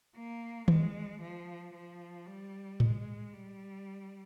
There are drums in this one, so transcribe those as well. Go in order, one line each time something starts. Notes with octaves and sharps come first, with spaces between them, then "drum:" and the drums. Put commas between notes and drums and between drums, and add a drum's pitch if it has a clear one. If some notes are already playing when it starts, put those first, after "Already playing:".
A#3
G#3, drum: tom D#3
F3
F3
G3
G#3, drum: tom A2
G3